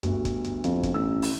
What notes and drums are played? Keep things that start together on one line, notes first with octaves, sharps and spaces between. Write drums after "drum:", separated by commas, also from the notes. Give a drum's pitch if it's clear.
G1 D2 F#4, drum: hi-hat
drum: kick, hi-hat
drum: hi-hat
F2, drum: hi-hat
drum: kick, hi-hat
A1 E6
drum: open hi-hat